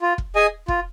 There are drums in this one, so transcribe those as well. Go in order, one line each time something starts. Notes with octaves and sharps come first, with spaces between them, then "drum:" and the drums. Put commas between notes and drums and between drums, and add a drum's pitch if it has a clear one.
F4
drum: kick
G#4 D#5 G#5
F4, drum: kick